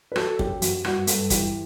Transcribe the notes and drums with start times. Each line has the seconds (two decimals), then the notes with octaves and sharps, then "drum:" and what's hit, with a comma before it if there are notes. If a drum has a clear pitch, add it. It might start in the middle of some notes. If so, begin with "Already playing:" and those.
0.12 B4
0.16 F#3 A4, drum: rim click
0.39 F#2 G4, drum: kick
0.62 F#2 F#4, drum: hi-hat
0.84 G2 F#4, drum: rim click
1.07 G2 A4, drum: hi-hat
1.30 E3 G4, drum: kick, hi-hat